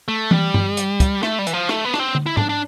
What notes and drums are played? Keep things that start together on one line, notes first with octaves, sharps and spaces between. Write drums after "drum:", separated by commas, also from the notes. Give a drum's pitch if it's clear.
A3
G3, drum: tom E3
drum: tom G2
drum: hi-hat
drum: kick, hi-hat
A3, drum: rim click
G3
E3, drum: hi-hat
F3
A3, drum: rim click
B3
D4, drum: rim click
C4
drum: tom
E4
D4, drum: tom G#2
D4